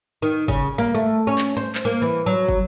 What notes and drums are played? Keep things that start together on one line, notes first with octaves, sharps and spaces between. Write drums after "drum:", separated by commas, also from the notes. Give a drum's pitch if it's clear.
D#3
C#3, drum: kick
A#3
A3
C#4
drum: clap
C5
drum: clap
A#3
E3
F#3
drum: kick